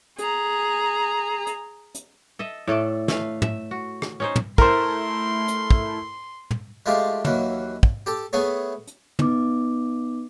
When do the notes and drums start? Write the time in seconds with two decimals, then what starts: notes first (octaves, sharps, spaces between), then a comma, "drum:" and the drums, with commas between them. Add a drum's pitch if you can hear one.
0.18 G#4 A#5, drum: hi-hat
1.47 drum: hi-hat
1.95 drum: hi-hat
2.39 A4 D#5 E5
2.67 A2 A3 A4 D5
3.08 A3 B4 F5, drum: snare
3.42 E5, drum: tom
3.71 F#4
4.02 drum: rim click
4.20 C#4 D#4 C5
4.36 drum: tom
4.58 A3 E4 A#4 C5 C6, drum: kick
5.48 drum: hi-hat
5.70 drum: kick
6.51 drum: tom
6.86 G#3 A3 F4 G4
7.25 D#2 E3 F#3, drum: tom
7.83 drum: kick
8.06 G4 A4
8.33 A3 B3 G#4 C#5
8.87 drum: hi-hat
9.19 B3 D#4 D6, drum: tom